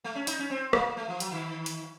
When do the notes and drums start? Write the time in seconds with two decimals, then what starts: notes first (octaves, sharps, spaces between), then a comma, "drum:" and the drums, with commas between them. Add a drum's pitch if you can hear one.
0.04 A3
0.15 C#4
0.27 D#4, drum: hi-hat
0.39 C#4
0.50 C4
0.73 A#3, drum: rim click
0.97 A3
1.08 F3
1.20 F#3, drum: hi-hat
1.32 D#3
1.66 drum: hi-hat